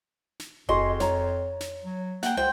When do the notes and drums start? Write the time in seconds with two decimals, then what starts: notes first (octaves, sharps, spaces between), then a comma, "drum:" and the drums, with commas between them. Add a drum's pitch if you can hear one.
0.40 drum: snare
0.69 F2 F#4 G#4 D#5 C6, drum: kick E1
1.00 C#5 A#5, drum: snare
1.60 drum: snare
1.84 F#3
2.23 A#3 F#5 G5, drum: snare
2.37 C#2 C5 G5